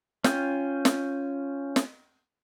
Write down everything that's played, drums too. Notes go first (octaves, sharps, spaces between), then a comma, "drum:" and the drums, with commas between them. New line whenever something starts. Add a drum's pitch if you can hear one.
C#4 F4 G5, drum: snare
drum: snare
drum: snare